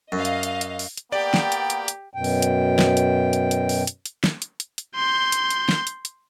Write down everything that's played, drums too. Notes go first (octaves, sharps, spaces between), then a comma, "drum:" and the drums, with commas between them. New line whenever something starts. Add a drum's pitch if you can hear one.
F#2 D#5 F5
drum: hi-hat
drum: hi-hat
drum: hi-hat
drum: open hi-hat
drum: hi-hat
A#3 B3 G4 D5 G5
drum: snare
drum: hi-hat
drum: hi-hat
drum: hi-hat
F#2 B2 G5
drum: open hi-hat
drum: hi-hat
drum: snare
drum: hi-hat
drum: hi-hat
drum: hi-hat
drum: open hi-hat
drum: hi-hat
drum: hi-hat
drum: snare
drum: hi-hat
drum: hi-hat
drum: hi-hat
C6 G6
drum: hi-hat
drum: hi-hat
drum: snare
drum: hi-hat
drum: hi-hat